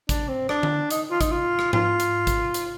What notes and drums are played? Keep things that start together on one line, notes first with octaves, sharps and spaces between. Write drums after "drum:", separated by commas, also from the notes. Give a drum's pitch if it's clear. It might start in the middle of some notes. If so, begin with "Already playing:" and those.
D4, drum: kick, hi-hat
C4
D4, drum: rim click
drum: tom D3
D#4, drum: hi-hat
F4
D#4, drum: kick, hi-hat
F4
drum: rim click
F4, drum: tom G#2
drum: hi-hat
drum: kick, hi-hat
drum: hi-hat